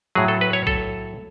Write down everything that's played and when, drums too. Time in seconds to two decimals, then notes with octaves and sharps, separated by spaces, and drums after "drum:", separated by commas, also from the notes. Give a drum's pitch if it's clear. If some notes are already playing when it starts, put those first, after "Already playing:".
0.15 A2 F#3 G#4
0.28 A4
0.41 B4
0.53 C#5
0.67 A4, drum: kick B1